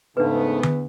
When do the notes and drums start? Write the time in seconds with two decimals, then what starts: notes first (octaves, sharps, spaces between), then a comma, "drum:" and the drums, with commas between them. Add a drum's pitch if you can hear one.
0.17 E2 G#2 C#3 A3 B3 D4 B4
0.63 drum: tom D3